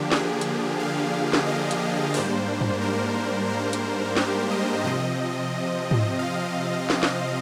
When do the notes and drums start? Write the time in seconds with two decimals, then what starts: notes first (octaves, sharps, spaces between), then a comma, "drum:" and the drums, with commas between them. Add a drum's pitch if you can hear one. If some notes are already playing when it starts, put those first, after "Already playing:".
Already playing: D3 F3 A#3 D4 G4
0.12 G#4, drum: snare
0.41 drum: hi-hat
0.79 F5
1.33 drum: snare
1.46 D#5
1.71 drum: hi-hat
2.14 G#2 G3 A#3 D4 C5, drum: open hi-hat
2.61 drum: tom G2
2.81 A#4
3.49 A#4
3.73 drum: hi-hat
4.17 G4, drum: snare
4.50 D#5
4.84 C3 F3 C4 D#5
5.91 drum: tom G#2
6.19 F5
6.90 drum: snare
7.03 drum: snare